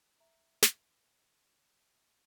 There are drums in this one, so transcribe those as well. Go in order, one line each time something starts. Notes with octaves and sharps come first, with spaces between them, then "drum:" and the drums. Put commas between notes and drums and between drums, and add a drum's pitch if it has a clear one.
E5 A#5
drum: snare